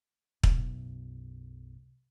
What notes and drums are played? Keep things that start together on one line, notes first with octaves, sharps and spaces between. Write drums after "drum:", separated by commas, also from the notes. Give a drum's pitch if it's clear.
B1 F#2, drum: kick